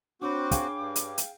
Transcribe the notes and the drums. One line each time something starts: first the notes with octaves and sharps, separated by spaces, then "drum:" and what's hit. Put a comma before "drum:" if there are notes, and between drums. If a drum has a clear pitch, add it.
C4 D4 F#4 C#5 B5 D6
G#4 F5 G5, drum: kick, hi-hat
G2
drum: hi-hat
drum: hi-hat